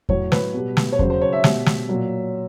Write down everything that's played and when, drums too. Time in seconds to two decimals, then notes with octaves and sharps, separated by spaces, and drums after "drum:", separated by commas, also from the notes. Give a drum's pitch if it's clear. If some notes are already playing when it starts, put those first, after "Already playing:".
0.09 A2 F#3 C#5, drum: kick E2
0.32 B4, drum: snare
0.54 B2 G3
0.77 drum: snare
0.92 C#5
0.99 C#3 F#3 C5, drum: kick E2
1.10 C5
1.21 C#5
1.33 E5
1.44 B2 G3, drum: snare
1.66 drum: snare
1.89 A#2 F#3